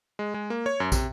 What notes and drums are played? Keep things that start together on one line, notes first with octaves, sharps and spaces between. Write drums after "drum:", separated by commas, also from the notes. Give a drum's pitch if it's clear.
G#3
G#3
A#3
C#5
F#2
C3, drum: kick, tambourine